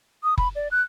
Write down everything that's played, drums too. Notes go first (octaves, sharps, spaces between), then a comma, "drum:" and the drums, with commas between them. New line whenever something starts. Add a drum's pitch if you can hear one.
D#6
B5, drum: kick F#1
D5
F#6